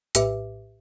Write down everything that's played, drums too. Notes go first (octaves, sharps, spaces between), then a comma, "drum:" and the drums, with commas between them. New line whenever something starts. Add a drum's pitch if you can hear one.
A#1 A2 G4 B4 E5 D6, drum: hi-hat